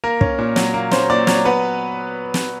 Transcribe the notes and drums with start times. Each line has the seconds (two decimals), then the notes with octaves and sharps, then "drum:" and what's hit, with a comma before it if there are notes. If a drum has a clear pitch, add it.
0.04 A#3 A#4
0.21 C#4, drum: kick
0.39 A#2
0.56 F#3, drum: snare
0.74 A#3
0.91 C#4 C5, drum: snare
1.10 A#2 D5
1.27 F#3 C#5, drum: snare
1.45 B3 B4
2.34 drum: snare